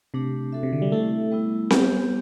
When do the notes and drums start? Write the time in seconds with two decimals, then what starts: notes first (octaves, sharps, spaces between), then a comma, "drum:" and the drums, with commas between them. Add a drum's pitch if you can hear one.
0.14 C3 A3 D4 G4
0.53 D4 F#4 A4 E5
0.63 C3
0.73 D3
0.82 G3
0.92 A3 E4 A4 E5
1.32 G3 B3 E4
1.70 G3 B3 C4 G4, drum: snare C4